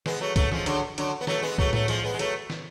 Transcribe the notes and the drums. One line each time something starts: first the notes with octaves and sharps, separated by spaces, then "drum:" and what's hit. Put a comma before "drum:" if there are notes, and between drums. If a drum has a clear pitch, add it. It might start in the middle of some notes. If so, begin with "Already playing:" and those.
G#3 B3, drum: snare
F#3 A3
F#3 A3, drum: kick, hi-hat
F3 G#3, drum: tom E3
D3 F#3, drum: hi-hat
D3 F#3, drum: hi-hat
B3
F#3 A3, drum: snare
G#3 B3
F#3 A3, drum: kick
F#3 A3, drum: tom A2
F3 G#3, drum: hi-hat
G#3 B3
G#3
F#3 A3, drum: hi-hat
drum: snare